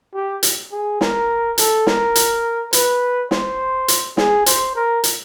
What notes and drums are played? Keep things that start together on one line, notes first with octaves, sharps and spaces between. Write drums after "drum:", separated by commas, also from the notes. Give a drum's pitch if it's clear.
G4
drum: hi-hat
G#4
A#4, drum: snare
A4, drum: hi-hat
A#4, drum: snare
drum: hi-hat
B4, drum: hi-hat
C5, drum: snare
drum: hi-hat
G#4, drum: snare
C5, drum: hi-hat
A#4
drum: hi-hat